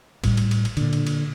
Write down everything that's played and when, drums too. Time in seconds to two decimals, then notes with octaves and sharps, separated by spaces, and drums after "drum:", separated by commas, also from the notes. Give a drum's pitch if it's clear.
0.24 A2 G3, drum: kick, cymbal
0.37 drum: cymbal
0.51 drum: cymbal
0.65 drum: cymbal
0.77 A#2 D3, drum: cymbal
0.93 drum: cymbal
1.07 drum: cymbal